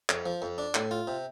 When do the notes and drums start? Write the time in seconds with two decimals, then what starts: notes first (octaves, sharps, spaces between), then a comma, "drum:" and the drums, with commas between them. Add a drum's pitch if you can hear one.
0.10 F2, drum: clap
0.26 F3
0.42 F2
0.58 D4
0.75 A2, drum: clap
0.91 F4
1.07 C3